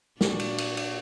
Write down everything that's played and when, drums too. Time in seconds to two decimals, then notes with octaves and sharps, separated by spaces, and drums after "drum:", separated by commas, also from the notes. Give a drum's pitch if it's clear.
0.21 A#2 D4 F#4, drum: snare
0.39 drum: cymbal
0.58 drum: cymbal
0.77 drum: cymbal